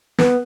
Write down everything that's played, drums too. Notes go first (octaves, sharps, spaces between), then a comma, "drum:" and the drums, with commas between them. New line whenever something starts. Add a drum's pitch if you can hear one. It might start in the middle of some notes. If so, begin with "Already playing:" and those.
B3, drum: snare